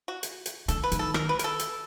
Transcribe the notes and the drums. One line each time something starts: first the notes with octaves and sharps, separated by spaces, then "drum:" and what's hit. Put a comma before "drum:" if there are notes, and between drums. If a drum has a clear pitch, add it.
F#4
drum: hi-hat
drum: hi-hat
D3 A4, drum: hi-hat
B4
D#3, drum: hi-hat
A4
A#4, drum: rim click
B4
A#4, drum: hi-hat
A4
drum: hi-hat